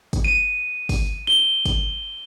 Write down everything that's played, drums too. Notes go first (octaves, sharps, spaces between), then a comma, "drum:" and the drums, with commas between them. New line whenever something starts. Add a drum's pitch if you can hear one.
drum: kick, hi-hat
D#7
drum: kick, open hi-hat
G7
drum: kick, hi-hat